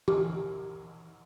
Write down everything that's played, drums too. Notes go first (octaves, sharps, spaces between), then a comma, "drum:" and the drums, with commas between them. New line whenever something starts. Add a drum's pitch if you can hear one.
G4, drum: tom E3